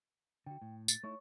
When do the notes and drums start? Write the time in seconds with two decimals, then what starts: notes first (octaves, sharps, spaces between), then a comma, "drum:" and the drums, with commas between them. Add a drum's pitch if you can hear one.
0.46 D3 F#4 G5
0.62 A2
0.88 A6, drum: tambourine
1.03 A3 D#4 E4 C#5 C#6